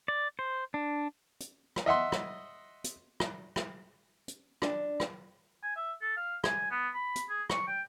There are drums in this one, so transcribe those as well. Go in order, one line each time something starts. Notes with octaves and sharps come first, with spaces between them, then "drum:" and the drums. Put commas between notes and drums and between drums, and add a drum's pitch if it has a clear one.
D5
C5
D4
drum: hi-hat
drum: rim click
D#5 E5 F#5 C6
drum: rim click
drum: hi-hat
drum: rim click
drum: rim click
drum: hi-hat
D4, drum: rim click
drum: rim click
G#5
E5
A4
F5
G#5, drum: rim click
B3
B5
drum: hi-hat
G#4
C#6, drum: rim click
G5